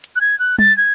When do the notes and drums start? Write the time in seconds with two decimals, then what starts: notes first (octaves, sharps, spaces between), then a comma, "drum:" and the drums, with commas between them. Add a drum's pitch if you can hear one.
0.04 drum: hi-hat
0.16 F#6
0.21 G#6
0.39 F#6
0.58 A6, drum: tom
0.77 G#6